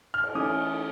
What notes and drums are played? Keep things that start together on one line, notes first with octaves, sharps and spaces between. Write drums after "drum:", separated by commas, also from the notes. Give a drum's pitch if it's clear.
F6
drum: cymbal
E3 A3 C#4 D#6